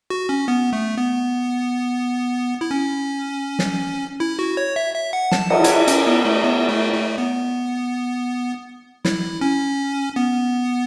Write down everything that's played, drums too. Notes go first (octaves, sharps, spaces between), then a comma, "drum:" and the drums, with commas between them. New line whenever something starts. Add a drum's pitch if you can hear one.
F#4
C#4
B3
A3
B3
E4
C#4
drum: snare
E4
F#4
C#5
E5
E5
F#5
A5, drum: snare
F#5, drum: cymbal
C#5, drum: hi-hat
E5
C#4, drum: hi-hat
B3
A3
B3
A3
A3
B3
E4, drum: snare
C#4
B3